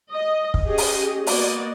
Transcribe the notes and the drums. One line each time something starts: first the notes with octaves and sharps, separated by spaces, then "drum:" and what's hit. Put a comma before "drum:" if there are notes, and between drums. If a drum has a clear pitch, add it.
D#5
drum: kick
C#4 G4 G#4 D#5
drum: open hi-hat
A#3 B3 F#4 D5 D#5, drum: open hi-hat